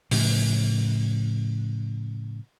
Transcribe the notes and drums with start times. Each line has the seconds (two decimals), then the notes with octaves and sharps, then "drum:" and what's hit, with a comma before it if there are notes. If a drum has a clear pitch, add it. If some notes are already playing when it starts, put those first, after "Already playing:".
0.11 A2 C#3 F3, drum: open hi-hat